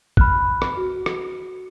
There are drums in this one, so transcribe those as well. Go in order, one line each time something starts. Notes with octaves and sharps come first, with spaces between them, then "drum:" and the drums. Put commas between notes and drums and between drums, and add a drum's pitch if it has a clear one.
B5 F6 F#6, drum: kick
drum: rim click
F#4
drum: rim click